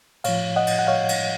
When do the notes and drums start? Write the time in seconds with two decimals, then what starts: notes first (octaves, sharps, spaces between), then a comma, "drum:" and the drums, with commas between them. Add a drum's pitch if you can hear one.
0.24 A2 F3 C#5 F5, drum: cymbal
0.56 D#5 F#5
0.67 drum: cymbal
0.79 F#5
0.87 C#5 F5
1.09 drum: cymbal